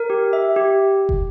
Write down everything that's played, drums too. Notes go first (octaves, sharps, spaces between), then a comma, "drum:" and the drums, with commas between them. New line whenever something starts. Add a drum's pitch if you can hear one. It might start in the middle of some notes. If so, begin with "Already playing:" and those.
Already playing: A#4
G4
E5
G4
drum: kick